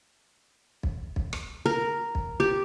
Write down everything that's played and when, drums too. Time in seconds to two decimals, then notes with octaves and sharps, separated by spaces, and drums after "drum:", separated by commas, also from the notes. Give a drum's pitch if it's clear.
0.83 drum: kick
1.16 drum: kick
1.33 drum: rim click
1.66 A#4
2.15 drum: kick
2.40 G4